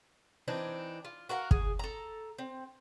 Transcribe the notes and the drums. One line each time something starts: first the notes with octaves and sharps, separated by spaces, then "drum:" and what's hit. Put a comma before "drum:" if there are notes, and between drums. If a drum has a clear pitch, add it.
E3 C4 D4 D#4
F4
F#4 A#4 F5 F#5
G#4, drum: kick
A4 A#5
C4